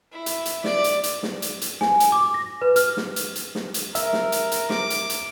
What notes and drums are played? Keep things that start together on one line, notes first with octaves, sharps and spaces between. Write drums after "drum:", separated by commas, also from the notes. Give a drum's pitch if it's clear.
E4
drum: hi-hat
drum: hi-hat
D5, drum: snare
drum: hi-hat
drum: hi-hat
drum: snare
drum: hi-hat
drum: hi-hat
G#5, drum: snare
drum: hi-hat
D6
A#6
B4
F6, drum: hi-hat
drum: snare
drum: hi-hat
drum: hi-hat
drum: snare
drum: hi-hat
A#4 E5, drum: hi-hat
drum: snare
drum: hi-hat
drum: hi-hat
D6, drum: snare
drum: hi-hat
drum: hi-hat